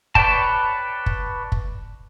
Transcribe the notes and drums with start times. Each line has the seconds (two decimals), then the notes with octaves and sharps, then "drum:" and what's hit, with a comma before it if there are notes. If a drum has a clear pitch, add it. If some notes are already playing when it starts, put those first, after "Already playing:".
0.15 B4 C#5 D5 G5 A5, drum: kick
1.06 drum: kick
1.52 drum: kick